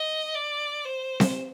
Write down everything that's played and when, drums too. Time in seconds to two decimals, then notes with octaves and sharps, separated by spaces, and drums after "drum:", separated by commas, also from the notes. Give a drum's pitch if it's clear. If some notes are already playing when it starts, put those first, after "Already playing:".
Already playing: D#5
0.35 D5
0.85 C5
1.20 drum: snare C4